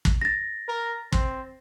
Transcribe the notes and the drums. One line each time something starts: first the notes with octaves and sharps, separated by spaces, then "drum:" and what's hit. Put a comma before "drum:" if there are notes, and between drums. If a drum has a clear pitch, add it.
drum: kick
A6 A#6
A#4
C4, drum: kick